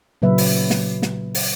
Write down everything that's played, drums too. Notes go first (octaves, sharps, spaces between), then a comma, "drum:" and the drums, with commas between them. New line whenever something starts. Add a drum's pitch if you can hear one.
A#2 C#3 F#3 B4 E5
drum: open hi-hat
drum: snare
drum: snare
drum: open hi-hat